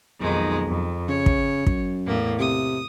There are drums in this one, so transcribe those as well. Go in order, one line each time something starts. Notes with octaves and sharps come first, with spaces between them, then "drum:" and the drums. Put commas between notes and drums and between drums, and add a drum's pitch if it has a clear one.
B1 F2 D#3 G#3
F2
C#3 C#5
drum: kick
F#2, drum: kick
E2 A2 A#3
C3 D#6